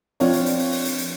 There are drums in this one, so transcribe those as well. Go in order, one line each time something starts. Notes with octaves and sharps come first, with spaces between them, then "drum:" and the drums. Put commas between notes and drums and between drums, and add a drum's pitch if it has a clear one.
F3 C4 D4 F4 C#5, drum: open hi-hat
drum: hi-hat
drum: hi-hat
drum: open hi-hat
drum: open hi-hat
drum: hi-hat
drum: hi-hat